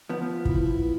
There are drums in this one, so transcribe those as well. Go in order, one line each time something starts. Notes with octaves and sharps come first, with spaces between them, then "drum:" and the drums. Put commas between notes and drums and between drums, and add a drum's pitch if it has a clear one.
F3 B3
E4, drum: kick